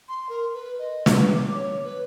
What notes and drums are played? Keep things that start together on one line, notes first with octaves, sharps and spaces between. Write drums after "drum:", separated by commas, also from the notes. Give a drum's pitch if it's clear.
C6
A#4
B4
D#5
B4, drum: snare
D6
C#5
B4